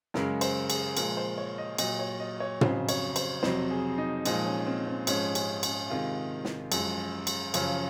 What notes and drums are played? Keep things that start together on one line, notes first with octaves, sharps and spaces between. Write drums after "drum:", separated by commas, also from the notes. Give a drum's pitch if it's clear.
F#2 C#3 G#3 A#4, drum: snare
C5, drum: cymbal
G#4, drum: cymbal
A#2 F3 G#3 A#4, drum: cymbal
C5
C#5
D#5
A#2 F#3 D#5, drum: cymbal
C#5
D#5
C#5
F2 C#3 F#3 C5, drum: tom
C#5, drum: cymbal
C5, drum: cymbal
F2 C3 F#3 C5, drum: snare
G#4
D#4
A#2 F3 G#3 D#4, drum: cymbal
C#4
C4
C4
G#2 F3 G#3 C#4, drum: cymbal
C#4, drum: cymbal
C#4, drum: cymbal
C3 D#3 G#3 F4
drum: snare
F#2 F3 G#3, drum: cymbal
drum: cymbal
F#2 C#3 F3 C#4, drum: cymbal